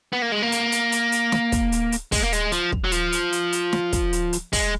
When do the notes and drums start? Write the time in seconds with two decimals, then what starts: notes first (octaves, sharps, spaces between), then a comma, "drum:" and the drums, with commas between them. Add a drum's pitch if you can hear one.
0.13 B3
0.22 A#3
0.32 G#3
0.42 A#3
0.52 drum: hi-hat
0.72 drum: hi-hat
0.92 drum: hi-hat
1.12 drum: hi-hat
1.32 drum: snare
1.52 drum: kick, hi-hat
1.72 drum: hi-hat
1.92 drum: hi-hat
2.12 G#3, drum: kick, open hi-hat
2.24 A#3
2.33 G#3, drum: hi-hat
2.52 F3, drum: hi-hat
2.72 drum: kick
2.84 F#3
2.92 F3, drum: hi-hat
3.12 drum: hi-hat
3.32 drum: hi-hat
3.52 drum: hi-hat
3.73 drum: snare
3.93 drum: kick, hi-hat
4.13 drum: hi-hat
4.33 drum: hi-hat
4.53 G#3, drum: kick, open hi-hat